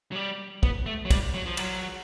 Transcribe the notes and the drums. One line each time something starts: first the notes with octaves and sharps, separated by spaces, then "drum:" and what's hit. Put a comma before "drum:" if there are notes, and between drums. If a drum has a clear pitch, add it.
F#3
G3
B3, drum: kick
A3
F#3
G3, drum: kick, cymbal
F#3
F3
F#3, drum: cymbal